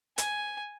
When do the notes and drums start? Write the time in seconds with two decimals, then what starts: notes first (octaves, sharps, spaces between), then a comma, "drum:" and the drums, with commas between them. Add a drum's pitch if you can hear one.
0.18 G#5, drum: hi-hat